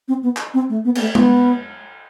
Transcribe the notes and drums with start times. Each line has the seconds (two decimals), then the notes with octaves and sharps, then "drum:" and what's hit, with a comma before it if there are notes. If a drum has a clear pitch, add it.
0.08 C4
0.23 B3
0.37 drum: clap
0.54 C4
0.69 A3
0.85 B3
0.95 B3, drum: cymbal
1.01 A3
1.15 B3, drum: tom G#3